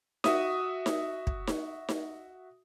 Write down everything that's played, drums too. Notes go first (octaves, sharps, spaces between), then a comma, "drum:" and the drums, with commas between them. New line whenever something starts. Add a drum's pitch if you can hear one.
F#4 E5 D#6, drum: snare D#4
drum: snare D#4
drum: kick
drum: snare D#4
drum: snare D#4